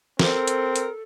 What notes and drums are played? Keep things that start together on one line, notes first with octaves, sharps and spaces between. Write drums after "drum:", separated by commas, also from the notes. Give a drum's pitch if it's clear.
C4 A4 A#4, drum: snare
drum: hi-hat
drum: hi-hat